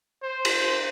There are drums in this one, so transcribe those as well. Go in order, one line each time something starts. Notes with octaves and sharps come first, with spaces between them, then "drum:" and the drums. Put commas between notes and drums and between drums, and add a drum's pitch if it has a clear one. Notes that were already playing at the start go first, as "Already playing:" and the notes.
C5
drum: cymbal